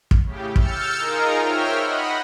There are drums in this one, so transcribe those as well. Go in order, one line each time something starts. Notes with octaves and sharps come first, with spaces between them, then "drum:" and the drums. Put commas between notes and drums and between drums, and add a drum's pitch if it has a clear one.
drum: kick
A2 C#3 G4
E6 F6 G6 A6 C#7, drum: kick
D#4 F4 G#4 A#4 A#5
C5 C#5 E5 G5 F6
D#5 F#5 B5